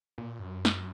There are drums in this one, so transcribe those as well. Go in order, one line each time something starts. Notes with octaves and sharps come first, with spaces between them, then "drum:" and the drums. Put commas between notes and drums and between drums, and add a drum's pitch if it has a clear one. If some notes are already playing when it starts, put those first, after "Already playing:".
A#2
F#2
drum: snare